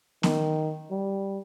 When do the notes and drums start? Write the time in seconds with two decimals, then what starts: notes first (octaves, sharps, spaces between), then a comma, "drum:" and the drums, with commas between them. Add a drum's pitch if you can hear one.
0.23 D#3, drum: snare B3
0.91 G3